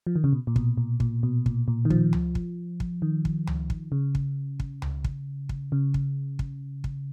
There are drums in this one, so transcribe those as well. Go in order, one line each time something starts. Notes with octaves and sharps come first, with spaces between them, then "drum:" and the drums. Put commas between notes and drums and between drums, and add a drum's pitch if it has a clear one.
F3
D#3
C#3
B2
A#2
B2, drum: kick
A#2
A#2, drum: kick
B2
A#2, drum: kick
A#2
D#3
F3, drum: kick
drum: tom C#2
drum: kick
drum: kick
D#3
drum: kick
drum: tom C#2
drum: kick
C#3
drum: kick
drum: kick
drum: tom C#2
drum: kick
drum: kick
C#3
drum: kick
drum: kick
drum: kick